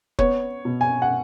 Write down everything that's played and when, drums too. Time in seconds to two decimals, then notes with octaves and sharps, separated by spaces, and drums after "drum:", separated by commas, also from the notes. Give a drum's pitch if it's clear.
0.19 B3 C#5, drum: kick
0.65 B2
0.81 G#5
1.02 F#5